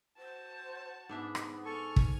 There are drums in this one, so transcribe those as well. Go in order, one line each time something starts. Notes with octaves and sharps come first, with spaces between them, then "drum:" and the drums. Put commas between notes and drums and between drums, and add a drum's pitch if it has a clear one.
F#4 C5 A5
G#2 B3 D4 E5
drum: rim click
A4 G#5 C#6 F6
drum: kick